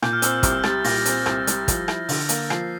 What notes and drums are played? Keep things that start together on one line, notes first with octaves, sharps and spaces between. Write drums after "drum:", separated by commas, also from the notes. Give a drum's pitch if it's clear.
A#2 G6, drum: rim click
F6
C4 E6, drum: hi-hat
C2 F6, drum: kick, hi-hat
G3 A6, drum: rim click
A#2 A#6, drum: open hi-hat
C4, drum: hi-hat
C2, drum: rim click
G3, drum: hi-hat
F3, drum: kick, hi-hat
E4, drum: rim click
D3, drum: open hi-hat
A#3, drum: hi-hat
F3 C7, drum: rim click